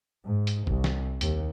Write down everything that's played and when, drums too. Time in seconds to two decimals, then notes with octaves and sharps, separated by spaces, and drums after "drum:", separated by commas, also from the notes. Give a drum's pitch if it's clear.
0.25 G#2
0.47 drum: hi-hat
0.67 C2, drum: kick G#1
0.84 drum: snare
1.21 D#2, drum: hi-hat